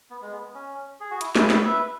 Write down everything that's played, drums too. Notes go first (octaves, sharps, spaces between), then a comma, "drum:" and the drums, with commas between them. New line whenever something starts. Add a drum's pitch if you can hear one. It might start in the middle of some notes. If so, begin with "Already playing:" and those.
B3
G#3
B3
C#4
G#4
F#4
E4, drum: hi-hat
E4 G#4, drum: snare
F#4 B4, drum: snare
B4 E5